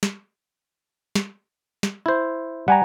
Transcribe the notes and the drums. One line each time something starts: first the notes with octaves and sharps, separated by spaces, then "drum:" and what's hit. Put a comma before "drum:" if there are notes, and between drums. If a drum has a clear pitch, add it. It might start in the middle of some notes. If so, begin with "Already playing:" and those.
drum: snare
drum: snare
drum: snare
E4 C5
G3 F#5 G#5 A#5